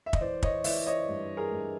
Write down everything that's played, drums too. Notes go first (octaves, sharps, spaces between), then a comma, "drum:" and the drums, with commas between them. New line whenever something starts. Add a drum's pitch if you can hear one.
E5
D#5, drum: kick
E3 C5 D5
C#5 D#5, drum: kick
E3 D5 E5, drum: open hi-hat
C#5 D#5
G2
G#4 A#4
G2